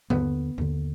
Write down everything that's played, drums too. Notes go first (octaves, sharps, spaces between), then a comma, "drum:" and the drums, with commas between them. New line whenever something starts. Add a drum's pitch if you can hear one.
D#2 D3 B3, drum: tom G2
D#2 D3, drum: tom G2